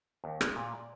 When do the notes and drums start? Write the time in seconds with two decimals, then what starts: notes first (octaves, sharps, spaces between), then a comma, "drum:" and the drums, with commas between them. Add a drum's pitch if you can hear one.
0.24 D#2
0.41 G#3, drum: rim click
0.56 A#2
0.75 D5